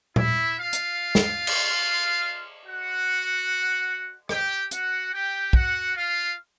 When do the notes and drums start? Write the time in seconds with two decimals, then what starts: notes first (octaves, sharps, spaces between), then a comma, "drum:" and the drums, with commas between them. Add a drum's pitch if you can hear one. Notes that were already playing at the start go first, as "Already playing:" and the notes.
0.16 E4 E5, drum: tom A#2
0.58 F4 F5
0.73 drum: hi-hat
1.15 drum: snare
1.47 drum: cymbal
2.65 F#4 F#5
4.29 G4 G5, drum: rim click
4.71 F#4 F#5, drum: hi-hat
5.12 G4 G5
5.53 F#4 F#5, drum: kick
5.95 F4 F5